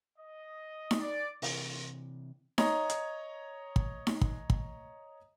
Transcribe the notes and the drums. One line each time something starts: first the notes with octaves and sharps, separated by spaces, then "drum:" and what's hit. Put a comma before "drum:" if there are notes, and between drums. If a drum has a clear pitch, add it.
D#5
drum: snare D#4
D5
C3 E3, drum: open hi-hat
C#5 D#5 A#5, drum: snare D#4
drum: hi-hat
drum: kick
drum: snare D#4
drum: kick
drum: kick